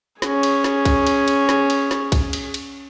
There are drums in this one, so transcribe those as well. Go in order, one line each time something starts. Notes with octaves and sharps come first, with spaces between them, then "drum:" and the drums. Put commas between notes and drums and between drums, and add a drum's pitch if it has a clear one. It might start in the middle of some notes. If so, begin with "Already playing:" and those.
C#4 G#4, drum: snare
drum: cymbal
drum: snare
drum: kick B1, cymbal
drum: cymbal
drum: cymbal
drum: snare
drum: cymbal
drum: snare
drum: kick B1, cymbal
drum: cymbal
drum: cymbal